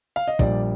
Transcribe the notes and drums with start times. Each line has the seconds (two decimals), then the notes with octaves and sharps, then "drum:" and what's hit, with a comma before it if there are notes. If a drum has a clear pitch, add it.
0.16 F5
0.28 D#5
0.39 A#1 A#2 G3 D5, drum: kick, tambourine